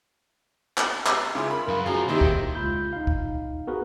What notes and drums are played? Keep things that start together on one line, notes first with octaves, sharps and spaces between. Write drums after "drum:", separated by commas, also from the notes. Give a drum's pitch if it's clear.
drum: clap
drum: clap
C#3 E4 F4 G#4
A#4 B5
F#2 B4 F5
C#3 F3 F4 F#4 G#4 A#5
D#3 A#3 C4 D#4 E4 G4
drum: kick
C#2 F4 B5 G6
D#4 F5
drum: kick
B3 F#4 G#4 A#4 B4